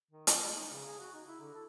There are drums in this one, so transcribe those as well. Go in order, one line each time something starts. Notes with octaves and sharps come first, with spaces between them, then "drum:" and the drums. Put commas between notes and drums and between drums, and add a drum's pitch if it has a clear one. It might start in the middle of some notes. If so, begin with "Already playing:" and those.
D#3
B3, drum: hi-hat
G#3
D#4
C#3
G#4
F#4
D#4
E4
D3
A4